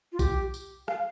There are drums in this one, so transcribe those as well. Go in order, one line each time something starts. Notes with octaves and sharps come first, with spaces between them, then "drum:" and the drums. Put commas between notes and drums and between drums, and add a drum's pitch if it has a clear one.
F4
G4, drum: kick A#1, tambourine
drum: tambourine
F5, drum: rim click